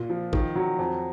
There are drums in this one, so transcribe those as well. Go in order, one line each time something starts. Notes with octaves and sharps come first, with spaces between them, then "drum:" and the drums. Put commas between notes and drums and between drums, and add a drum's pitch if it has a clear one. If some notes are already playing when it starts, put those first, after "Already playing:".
Already playing: A#2
F3
D#3, drum: kick G#1
F#3
F2